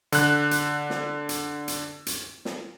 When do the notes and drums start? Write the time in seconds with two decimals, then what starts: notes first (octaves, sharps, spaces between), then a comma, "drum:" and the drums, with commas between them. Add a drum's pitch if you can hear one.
0.12 D3 F#6, drum: hi-hat
0.51 drum: hi-hat
0.90 drum: snare
1.29 drum: hi-hat
1.68 drum: hi-hat
2.06 drum: hi-hat
2.45 drum: snare